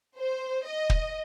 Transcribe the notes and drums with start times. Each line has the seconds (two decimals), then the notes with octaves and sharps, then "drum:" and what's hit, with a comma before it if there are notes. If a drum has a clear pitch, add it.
0.19 C5
0.67 D#5
0.90 drum: kick